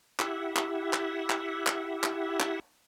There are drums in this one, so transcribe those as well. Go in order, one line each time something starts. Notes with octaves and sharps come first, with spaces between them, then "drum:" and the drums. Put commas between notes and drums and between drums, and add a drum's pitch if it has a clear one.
E4 G4 E5 F#5, drum: clap
drum: clap
drum: clap
drum: clap
drum: clap
drum: clap
drum: clap